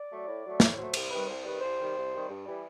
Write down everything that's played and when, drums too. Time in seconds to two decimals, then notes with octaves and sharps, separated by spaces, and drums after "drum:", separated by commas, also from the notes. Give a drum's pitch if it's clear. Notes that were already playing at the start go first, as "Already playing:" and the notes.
Already playing: D5
0.10 F#3 A3
0.26 A2
0.44 F#3 A3
0.60 A2 C#5, drum: snare
0.77 F#3 A3 C5
0.94 C2 C5, drum: cymbal
1.10 C3 D#3 G3 B4
1.27 C2 C5
1.45 C3 D#3 G3 B4
1.61 C2 C5
1.78 C3 D#3 G3
1.95 C2
2.12 C3 D#3 G3
2.29 G2
2.46 E3 G3